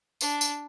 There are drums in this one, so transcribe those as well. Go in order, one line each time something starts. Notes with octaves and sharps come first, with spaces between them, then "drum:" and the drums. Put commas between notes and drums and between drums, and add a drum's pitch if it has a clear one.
D4, drum: tambourine
drum: tambourine